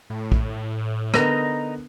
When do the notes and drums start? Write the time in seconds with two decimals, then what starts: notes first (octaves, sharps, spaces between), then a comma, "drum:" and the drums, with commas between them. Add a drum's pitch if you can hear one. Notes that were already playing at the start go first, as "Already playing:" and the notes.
0.10 A2
0.32 drum: kick
1.14 D3 B3 D#4 A#4 D#5 A#5, drum: rim click